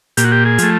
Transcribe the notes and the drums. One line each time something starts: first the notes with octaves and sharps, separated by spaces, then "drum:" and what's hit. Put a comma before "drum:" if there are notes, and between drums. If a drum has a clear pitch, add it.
A#2 G4, drum: hi-hat
F#4
G4
G#4
F3 A3, drum: hi-hat